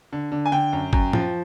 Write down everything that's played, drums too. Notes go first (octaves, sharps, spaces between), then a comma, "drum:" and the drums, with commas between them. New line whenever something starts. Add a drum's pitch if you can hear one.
D3
D3
G#5
D3 G5
F#2
F#2, drum: kick G1
F3, drum: tom